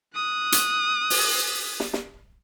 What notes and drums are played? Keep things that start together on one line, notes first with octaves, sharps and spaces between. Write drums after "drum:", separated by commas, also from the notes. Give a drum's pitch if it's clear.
D#6 F#6
drum: hi-hat
drum: open hi-hat
drum: snare
drum: snare